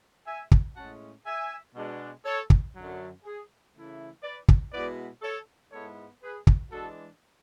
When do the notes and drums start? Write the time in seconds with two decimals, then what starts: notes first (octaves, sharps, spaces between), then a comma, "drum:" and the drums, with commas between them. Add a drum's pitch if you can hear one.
0.27 E5 G#5
0.51 drum: kick
0.76 A2 G#3 C#4 F#5 A5
1.26 E5 G#5
1.75 B2 G#3 D4
2.25 A4 C#5
2.50 drum: kick
2.75 F#2 D3 F#3
3.24 G#4
3.74 C#3 E3 A3 E4
4.23 B4 D5
4.48 drum: kick
4.73 B2 G#3 B3 E4 B4 D5
5.22 A4 C#5
5.72 G#2 G#3 B3 E4 A4 C#5
6.23 G#4 B4
6.47 drum: kick
6.71 E3 G#3 D4 F#4 A4